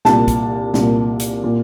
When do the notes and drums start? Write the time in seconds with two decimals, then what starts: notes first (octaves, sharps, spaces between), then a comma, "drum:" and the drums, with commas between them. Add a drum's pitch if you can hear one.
0.05 C2 A#2 A5, drum: snare
0.28 drum: kick, hi-hat
0.74 C2 A#2, drum: snare
1.19 drum: hi-hat
1.44 A#2